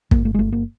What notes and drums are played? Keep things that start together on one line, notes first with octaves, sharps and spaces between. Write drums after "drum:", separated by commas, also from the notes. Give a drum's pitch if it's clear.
G1 A#3, drum: kick
A3
G#3
G1 A3
A#3